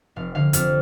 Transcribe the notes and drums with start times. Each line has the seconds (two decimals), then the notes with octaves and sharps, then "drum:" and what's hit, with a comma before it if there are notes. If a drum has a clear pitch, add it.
0.16 F1 F5
0.35 D3 F5
0.53 F2 F6, drum: hi-hat